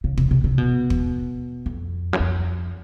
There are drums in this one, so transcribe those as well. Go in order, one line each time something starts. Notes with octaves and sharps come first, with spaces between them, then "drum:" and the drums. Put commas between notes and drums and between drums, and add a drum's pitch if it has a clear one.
C#3
C3, drum: kick
C3
C3
B2
drum: kick
F2
F#2
F2